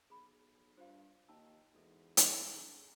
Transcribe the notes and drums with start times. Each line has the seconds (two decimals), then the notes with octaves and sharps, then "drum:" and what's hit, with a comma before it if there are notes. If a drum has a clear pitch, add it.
0.10 B1 G#4 B5
0.77 G2 F4 C5 F5
1.28 D#2 D#4 G5 A5 E6
1.74 E2 G#2 F#4 A4 E5
2.17 drum: hi-hat
2.53 D3 G#4 G#5 A#5